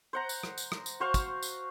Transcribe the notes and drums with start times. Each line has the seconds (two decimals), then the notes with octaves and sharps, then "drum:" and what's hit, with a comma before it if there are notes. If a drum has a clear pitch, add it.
0.13 C5 F#5 A#5
0.29 drum: tambourine
0.43 drum: rim click
0.58 drum: tambourine
0.72 drum: rim click
0.86 drum: tambourine
1.00 F#4 C5 F5 C#6
1.14 drum: kick, tambourine
1.43 drum: tambourine